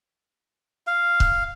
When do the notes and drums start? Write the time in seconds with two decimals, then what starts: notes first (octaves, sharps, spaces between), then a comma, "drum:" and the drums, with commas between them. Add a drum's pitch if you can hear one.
0.87 F5
1.20 drum: kick C#1